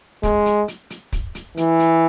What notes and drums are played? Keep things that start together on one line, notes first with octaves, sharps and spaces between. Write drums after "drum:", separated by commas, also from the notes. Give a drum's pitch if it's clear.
G#3, drum: kick, hi-hat
drum: hi-hat
drum: hi-hat
drum: hi-hat
drum: kick, hi-hat
drum: hi-hat
E3, drum: hi-hat
drum: hi-hat